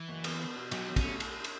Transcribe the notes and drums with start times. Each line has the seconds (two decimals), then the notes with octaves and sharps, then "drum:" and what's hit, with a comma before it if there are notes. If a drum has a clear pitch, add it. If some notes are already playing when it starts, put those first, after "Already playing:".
Already playing: E3
0.08 F#1
0.24 B3, drum: cymbal
0.40 B3
0.56 B2
0.71 B1 F#3, drum: cymbal
0.88 B2
0.96 C#4, drum: kick, cymbal
1.05 A3
1.20 drum: cymbal
1.44 drum: cymbal